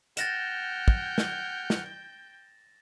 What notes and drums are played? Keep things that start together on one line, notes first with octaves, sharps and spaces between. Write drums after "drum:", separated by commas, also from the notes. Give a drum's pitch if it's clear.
F#5 G5 F6 G6 A6 A#6 E7, drum: hi-hat
drum: kick
drum: snare
drum: snare